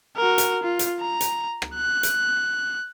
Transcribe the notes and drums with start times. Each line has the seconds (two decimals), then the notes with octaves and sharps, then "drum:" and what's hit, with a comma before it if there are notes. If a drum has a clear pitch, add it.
0.17 F#4 A#4
0.38 drum: hi-hat
0.63 F4
0.79 drum: hi-hat
1.00 A#5
1.21 drum: hi-hat
1.62 drum: rim click
1.75 F#6
2.03 drum: hi-hat